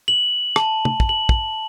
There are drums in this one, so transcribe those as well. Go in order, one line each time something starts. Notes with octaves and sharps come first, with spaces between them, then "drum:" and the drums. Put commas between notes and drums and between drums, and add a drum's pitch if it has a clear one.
F#7
A5, drum: rim click
drum: tom
drum: kick
F#7
drum: kick